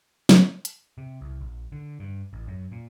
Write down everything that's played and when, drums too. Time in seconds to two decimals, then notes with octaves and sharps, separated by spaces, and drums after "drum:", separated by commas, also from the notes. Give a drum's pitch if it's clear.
0.29 drum: snare
0.65 drum: hi-hat
0.98 C3
1.22 C2
1.41 A#1
1.72 D3
2.00 G2
2.33 A1
2.47 F#2
2.72 A#2